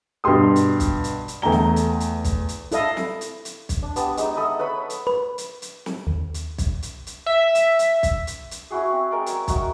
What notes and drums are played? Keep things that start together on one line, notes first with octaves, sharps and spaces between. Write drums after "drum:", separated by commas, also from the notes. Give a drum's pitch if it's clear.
G2 B2 G4 C6 D#6
drum: hi-hat
drum: kick B1, hi-hat
drum: hi-hat
drum: hi-hat
E2 A3 G5 A#5 G7
drum: snare
drum: hi-hat
drum: hi-hat
drum: kick B1, hi-hat
drum: hi-hat
E4 A4 D#5 F5, drum: hi-hat
drum: snare
drum: hi-hat
drum: hi-hat
drum: kick B1, hi-hat
D4
B3 G4 G#5 A5, drum: hi-hat
G#3 D#4, drum: hi-hat
A4 D#5 E5 B5
B4 C#5 B5
drum: hi-hat
B4
drum: hi-hat
drum: hi-hat
drum: snare
D#2
drum: hi-hat
drum: kick B1, hi-hat
drum: hi-hat
drum: hi-hat
E5
drum: hi-hat
drum: hi-hat
drum: kick B1, hi-hat
drum: hi-hat
drum: hi-hat
C#4 E4 F#4 G#4
C4
G#3 A#4 D5 G5
C#5, drum: hi-hat
D#4 F#4, drum: kick B1, hi-hat